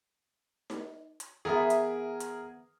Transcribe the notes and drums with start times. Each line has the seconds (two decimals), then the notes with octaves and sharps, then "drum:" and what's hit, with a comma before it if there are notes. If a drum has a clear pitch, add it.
0.70 drum: snare D#4
1.20 drum: hi-hat
1.45 E3 B3 G#4 A#4 E5
1.70 drum: hi-hat
2.20 drum: hi-hat